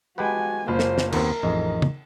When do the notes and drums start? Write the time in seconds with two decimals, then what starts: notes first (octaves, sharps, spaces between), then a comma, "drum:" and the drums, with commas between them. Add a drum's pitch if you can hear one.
0.18 G#3 F#4 G4 B4 F#5 G#5 A5 B5
0.68 F#1 A#3 F4 C5 B5
0.79 drum: snare
0.98 drum: snare
1.12 D#2 B3 C4 A#4, drum: cymbal
1.43 A1 F2 D#4 G#4 D#5
1.82 drum: tom